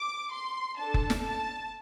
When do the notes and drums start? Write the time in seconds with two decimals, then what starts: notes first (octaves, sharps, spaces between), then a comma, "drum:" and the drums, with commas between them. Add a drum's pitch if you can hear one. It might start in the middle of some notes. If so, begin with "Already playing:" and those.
Already playing: D6
0.32 C6
0.79 D4 A4 A5
0.94 drum: kick F1
1.10 drum: snare
1.25 A5